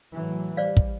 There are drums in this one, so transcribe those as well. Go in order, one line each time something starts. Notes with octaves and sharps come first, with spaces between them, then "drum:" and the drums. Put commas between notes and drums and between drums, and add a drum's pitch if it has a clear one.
A2 E3 F#3
G3 C5 D5 F5
drum: kick